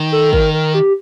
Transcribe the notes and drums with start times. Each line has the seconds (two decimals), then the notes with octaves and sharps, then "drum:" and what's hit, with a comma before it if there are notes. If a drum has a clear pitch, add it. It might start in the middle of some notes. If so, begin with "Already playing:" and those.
Already playing: D#3
0.12 A4
0.33 A#4, drum: kick
0.54 A#4
0.74 G4